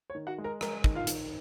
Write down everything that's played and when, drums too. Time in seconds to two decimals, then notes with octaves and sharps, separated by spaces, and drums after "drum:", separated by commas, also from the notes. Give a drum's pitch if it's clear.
0.10 C#5
0.15 D#3
0.27 F#4 F#5
0.38 G#3
0.44 A#4 A#5
0.61 G#3 A#4 A#5, drum: rim click
0.84 D#3, drum: kick
0.95 F4 F5
1.07 D#3, drum: hi-hat